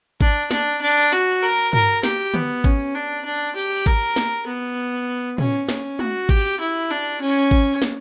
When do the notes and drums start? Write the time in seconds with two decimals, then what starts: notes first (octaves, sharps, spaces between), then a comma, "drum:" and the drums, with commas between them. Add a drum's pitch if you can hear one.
0.21 D4, drum: kick G#1
0.51 D4, drum: snare
0.81 D4
1.12 F#4
1.42 A#4
1.73 A#4, drum: tom G2
2.03 G4, drum: snare
2.34 B3, drum: tom D3
2.64 C#4, drum: kick G#1
2.95 D4
3.25 D4
3.55 G4
3.86 A#4, drum: kick G#1
4.16 drum: snare
4.46 B3
5.38 C#4, drum: tom
5.69 C#4, drum: snare
5.99 F#4, drum: tom G#3
6.29 G4, drum: kick G#1
6.60 E4
6.91 D4
7.21 C#4
7.51 drum: kick G#1
7.82 drum: snare